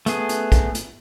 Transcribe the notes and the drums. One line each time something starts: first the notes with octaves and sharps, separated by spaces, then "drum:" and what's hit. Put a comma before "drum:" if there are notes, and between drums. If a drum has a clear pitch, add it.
A3 B3 G#4, drum: hi-hat
drum: hi-hat
drum: kick, hi-hat
drum: hi-hat